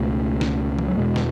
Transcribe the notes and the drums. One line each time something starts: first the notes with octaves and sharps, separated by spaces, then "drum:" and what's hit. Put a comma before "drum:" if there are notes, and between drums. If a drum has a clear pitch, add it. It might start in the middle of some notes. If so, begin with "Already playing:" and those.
Already playing: C#2 B2 A3
drum: snare
drum: tom E3
F#3
E2 B2 G#3
drum: snare